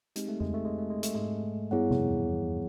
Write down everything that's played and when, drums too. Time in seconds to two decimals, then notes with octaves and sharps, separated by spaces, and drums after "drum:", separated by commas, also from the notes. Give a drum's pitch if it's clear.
0.16 G#3 C4 D#4 G4, drum: hi-hat
0.28 A3
0.40 G#3, drum: tom F2
0.54 A3
0.65 G#3
0.78 A3
0.90 G#3
1.03 A3, drum: hi-hat
1.15 G#2 G#3
1.71 G2 G3 B3 E4 G#4 C#5 F#5
1.91 F2 F3, drum: tom C3
2.10 E2 E3
2.29 E2 E3